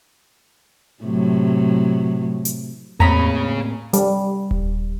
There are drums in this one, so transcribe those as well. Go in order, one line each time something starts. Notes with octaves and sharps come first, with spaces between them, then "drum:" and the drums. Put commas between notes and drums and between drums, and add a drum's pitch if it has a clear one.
A2 C3 F#3
drum: hi-hat
A2 A#3 C4 G#4 C#5 A#5 B5 D#6, drum: tom E2
G3, drum: hi-hat
drum: kick D#1